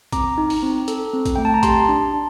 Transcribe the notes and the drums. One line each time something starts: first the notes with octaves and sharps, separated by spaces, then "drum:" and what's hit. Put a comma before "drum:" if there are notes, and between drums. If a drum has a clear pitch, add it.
C4 A#5 D6, drum: kick, hi-hat
D#4
drum: open hi-hat
C4
A4, drum: hi-hat
C4
drum: kick, hi-hat
A3 G5
A5
A#5
G4 A5 C6, drum: kick, hi-hat
D4
D4